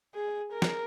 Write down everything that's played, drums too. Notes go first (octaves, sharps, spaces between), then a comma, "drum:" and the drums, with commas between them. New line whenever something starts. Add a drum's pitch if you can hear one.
G#4
A#4
drum: snare